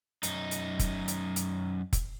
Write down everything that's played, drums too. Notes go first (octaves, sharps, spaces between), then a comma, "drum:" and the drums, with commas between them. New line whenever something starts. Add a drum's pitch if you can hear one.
F#2 D#4, drum: hi-hat
drum: hi-hat
drum: kick F1, hi-hat
drum: hi-hat
drum: hi-hat
drum: kick F1, hi-hat